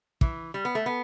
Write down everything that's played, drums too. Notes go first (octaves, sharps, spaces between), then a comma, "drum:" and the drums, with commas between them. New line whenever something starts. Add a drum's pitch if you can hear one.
E3, drum: kick
G3
B3
A3
B3